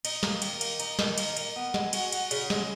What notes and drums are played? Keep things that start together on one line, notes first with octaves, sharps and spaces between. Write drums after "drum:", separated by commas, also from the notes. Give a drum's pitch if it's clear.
D#4, drum: cymbal
A#3, drum: snare
D#3, drum: cymbal
A#3, drum: cymbal
D#4, drum: cymbal
D#3, drum: snare
A#3, drum: cymbal
A#3, drum: cymbal
B3
G#3, drum: snare
F#4, drum: cymbal
F#4, drum: cymbal
C#3, drum: cymbal
G#3, drum: snare